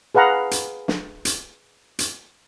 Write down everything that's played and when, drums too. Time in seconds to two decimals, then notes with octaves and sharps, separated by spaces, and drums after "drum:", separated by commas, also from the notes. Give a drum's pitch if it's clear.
0.15 G#4 B4 F5 F#5 A#5
0.51 drum: hi-hat
0.88 drum: snare
1.25 drum: hi-hat
1.99 drum: hi-hat